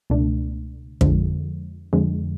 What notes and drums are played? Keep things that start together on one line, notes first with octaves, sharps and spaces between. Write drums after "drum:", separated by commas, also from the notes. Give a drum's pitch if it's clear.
C#2 B2 A3 D4
F2 D3 F3 G#3, drum: kick
F2 D3 F3 G#3